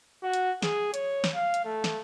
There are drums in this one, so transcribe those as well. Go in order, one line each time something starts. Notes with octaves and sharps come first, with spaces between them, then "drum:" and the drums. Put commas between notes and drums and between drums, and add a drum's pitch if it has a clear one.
F#4
drum: hi-hat
G#4, drum: snare
C#5, drum: hi-hat
drum: snare
F5
drum: hi-hat
A3
drum: snare